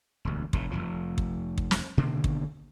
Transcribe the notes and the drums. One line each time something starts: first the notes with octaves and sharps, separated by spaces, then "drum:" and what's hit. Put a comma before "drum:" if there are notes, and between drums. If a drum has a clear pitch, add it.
E1 D2
F1 A2, drum: kick
F1 B1 F3
drum: kick
drum: kick
drum: snare
B2 D3 D#3 A#3
drum: kick